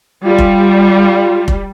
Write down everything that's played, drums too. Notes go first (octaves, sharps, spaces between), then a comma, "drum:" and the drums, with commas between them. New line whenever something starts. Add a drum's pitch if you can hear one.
G3 F4
drum: kick F1
drum: kick F1